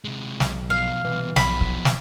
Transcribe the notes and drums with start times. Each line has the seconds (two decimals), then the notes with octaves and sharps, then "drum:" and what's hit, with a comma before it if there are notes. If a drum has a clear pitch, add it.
0.05 C3 G#3
0.40 B1, drum: snare
0.70 B2 F3 F5
1.05 C2 B2 E3
1.36 B1 F3 B3 B5, drum: snare
1.61 drum: kick
1.85 drum: snare